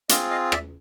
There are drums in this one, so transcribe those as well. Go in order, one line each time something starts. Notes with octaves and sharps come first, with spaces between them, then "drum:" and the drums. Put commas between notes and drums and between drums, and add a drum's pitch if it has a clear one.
C4 F4 G#4 D#5 F5, drum: hi-hat
D#5 F5
D5 E5, drum: rim click